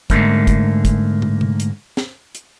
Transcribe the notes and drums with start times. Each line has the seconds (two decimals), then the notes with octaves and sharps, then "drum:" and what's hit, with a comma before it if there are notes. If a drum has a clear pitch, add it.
0.10 G#2 B2 D3 A3 A#3, drum: kick, hi-hat
0.47 drum: kick, hi-hat
0.85 drum: kick, hi-hat
1.22 drum: tom
1.41 drum: tom
1.60 drum: hi-hat
1.97 drum: snare
2.35 drum: hi-hat